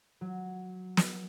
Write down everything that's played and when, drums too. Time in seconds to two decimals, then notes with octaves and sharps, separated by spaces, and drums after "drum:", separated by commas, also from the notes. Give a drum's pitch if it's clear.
0.21 F#3
0.97 drum: snare